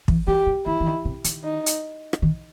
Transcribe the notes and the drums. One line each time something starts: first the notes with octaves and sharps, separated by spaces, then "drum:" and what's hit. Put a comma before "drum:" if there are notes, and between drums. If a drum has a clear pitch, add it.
E3, drum: kick
F#3 G4
F#3
D#3 E4
E3
D#3
C3
D#3, drum: hi-hat
D#4
drum: hi-hat
drum: rim click
D#3